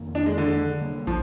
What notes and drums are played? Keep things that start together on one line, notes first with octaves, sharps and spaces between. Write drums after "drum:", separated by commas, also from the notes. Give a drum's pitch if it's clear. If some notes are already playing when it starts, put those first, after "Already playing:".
Already playing: F2 C3 D#3 A#3
D4
G#3
D3
C3 G3 A#3
F3, drum: kick